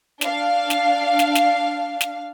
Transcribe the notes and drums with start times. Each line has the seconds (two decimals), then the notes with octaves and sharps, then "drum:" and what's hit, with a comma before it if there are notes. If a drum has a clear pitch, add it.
0.21 D4 F5, drum: snare
0.70 drum: snare
1.19 drum: snare
1.35 drum: snare
2.01 drum: snare